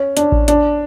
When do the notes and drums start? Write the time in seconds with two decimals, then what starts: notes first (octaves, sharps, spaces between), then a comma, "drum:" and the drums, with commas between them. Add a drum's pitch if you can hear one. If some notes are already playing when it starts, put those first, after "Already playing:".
Already playing: C#4
0.17 D4, drum: hi-hat
0.32 drum: kick A1
0.48 D4, drum: hi-hat